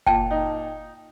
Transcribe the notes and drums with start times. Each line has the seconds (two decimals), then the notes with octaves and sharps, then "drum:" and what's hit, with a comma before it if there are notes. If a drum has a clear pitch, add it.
0.07 A#2 G5 A5, drum: kick F#1
0.31 D#4